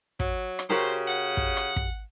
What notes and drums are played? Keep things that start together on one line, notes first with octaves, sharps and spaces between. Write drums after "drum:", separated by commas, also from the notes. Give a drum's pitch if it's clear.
F#3, drum: kick
drum: rim click
C#3 F#4 G4 A#4 C5
F#5
drum: kick
drum: rim click
drum: kick